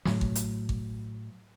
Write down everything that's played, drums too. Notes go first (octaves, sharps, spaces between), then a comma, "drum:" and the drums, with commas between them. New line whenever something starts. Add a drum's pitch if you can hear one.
A2 F#3, drum: snare
drum: kick G#1
drum: hi-hat
drum: kick G#1